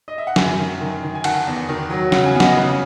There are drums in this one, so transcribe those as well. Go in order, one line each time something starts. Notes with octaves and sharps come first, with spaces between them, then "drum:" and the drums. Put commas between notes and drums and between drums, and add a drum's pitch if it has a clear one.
D#5
E5
F#5
F#2 E5 G#5, drum: snare
D#3
D#3
D#3
G#5
D#3 F#5 A5, drum: cymbal
E2
D#3
F#3
C#3 F#5, drum: snare
G#5
B3
D#5 F#5, drum: snare
C#3